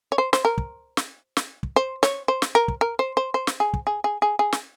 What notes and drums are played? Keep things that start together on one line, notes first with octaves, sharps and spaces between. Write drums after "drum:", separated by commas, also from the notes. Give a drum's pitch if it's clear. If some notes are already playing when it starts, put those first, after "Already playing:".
C#5
C5
C5, drum: snare
A#4
drum: kick
drum: snare
drum: snare
drum: kick
C5
C#5, drum: snare
C5
drum: snare
A#4
drum: kick
A#4
C5
C5
C5
drum: snare
G#4
drum: kick
G#4
G#4
G#4
G#4
drum: snare